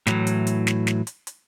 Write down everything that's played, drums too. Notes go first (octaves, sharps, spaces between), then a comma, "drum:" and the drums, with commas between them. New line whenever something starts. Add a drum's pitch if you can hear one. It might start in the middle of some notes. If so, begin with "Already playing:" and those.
A2 E3 F#3, drum: snare
drum: hi-hat
drum: hi-hat
drum: snare
drum: snare
drum: hi-hat
drum: hi-hat